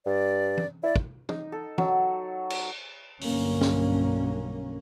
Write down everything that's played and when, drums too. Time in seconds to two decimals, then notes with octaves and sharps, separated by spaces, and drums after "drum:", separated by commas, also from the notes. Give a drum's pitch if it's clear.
0.06 G2 D5
0.57 drum: tom E3
0.83 E4 D5
0.96 drum: kick
1.29 D#4, drum: tom
1.52 A4
1.78 F#3, drum: tom E3
2.50 drum: cymbal
3.21 B1 G2 B2 D3 A#3 C#4, drum: open hi-hat
3.61 drum: snare